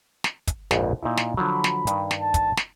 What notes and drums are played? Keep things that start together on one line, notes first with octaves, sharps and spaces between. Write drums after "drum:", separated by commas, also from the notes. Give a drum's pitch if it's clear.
drum: snare
drum: kick, hi-hat
A#1 F2 G#2, drum: snare
A#2 D#4 E4
drum: snare
D3 F3 F#3 B5
drum: snare
G2 D#3, drum: hi-hat
drum: snare
A5
drum: kick, hi-hat
drum: snare